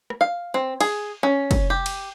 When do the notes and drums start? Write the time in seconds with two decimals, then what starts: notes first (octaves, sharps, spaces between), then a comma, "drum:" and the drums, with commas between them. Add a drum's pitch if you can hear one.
0.10 drum: rim click
0.21 F5
0.54 C4
0.80 G#4, drum: cymbal
1.23 C#4
1.51 drum: kick, cymbal
1.70 G4
1.86 drum: cymbal